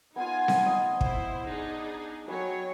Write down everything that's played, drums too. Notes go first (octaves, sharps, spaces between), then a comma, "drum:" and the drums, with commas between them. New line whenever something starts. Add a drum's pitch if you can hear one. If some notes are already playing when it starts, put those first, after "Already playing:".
B3 D#4 F4 G#5 A#5 C6
drum: snare C4
D#5
E4 C5, drum: kick
D4 D#4 G#4
F#3 C#5 G5 G#5 B5